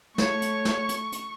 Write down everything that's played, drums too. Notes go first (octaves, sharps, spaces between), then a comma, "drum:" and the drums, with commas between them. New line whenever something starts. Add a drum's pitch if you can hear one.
A3 C#5 C#6, drum: snare
drum: hi-hat
drum: snare
drum: hi-hat
drum: hi-hat